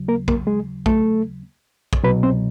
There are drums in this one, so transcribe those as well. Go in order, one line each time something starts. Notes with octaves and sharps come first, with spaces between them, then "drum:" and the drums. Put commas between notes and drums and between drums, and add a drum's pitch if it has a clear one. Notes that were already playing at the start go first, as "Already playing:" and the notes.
Already playing: D#2 C#3 F#3
A#3 A#4
A#3 A#4, drum: kick
G#3 G#4
A3 A4, drum: kick
drum: kick
C2 B2 F#3 B3 B4
C4 C5